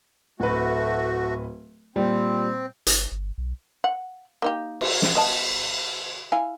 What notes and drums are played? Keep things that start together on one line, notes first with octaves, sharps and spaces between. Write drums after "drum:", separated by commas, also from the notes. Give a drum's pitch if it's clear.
D1 A3 F#4 B4
A#2 G3 C4
G1, drum: hi-hat
G1
B1
F#5
A#3 D#4 G4
drum: cymbal
drum: snare
B3 D#5 A5
E4 F5 G#5